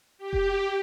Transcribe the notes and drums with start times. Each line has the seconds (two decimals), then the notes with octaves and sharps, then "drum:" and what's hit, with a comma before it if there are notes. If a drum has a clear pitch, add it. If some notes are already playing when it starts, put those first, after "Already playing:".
0.18 G4
0.33 drum: kick F1